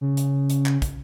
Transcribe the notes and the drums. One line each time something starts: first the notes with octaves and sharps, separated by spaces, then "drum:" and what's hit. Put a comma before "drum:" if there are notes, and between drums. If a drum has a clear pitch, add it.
C#3
drum: hi-hat
drum: hi-hat
drum: clap
drum: kick, hi-hat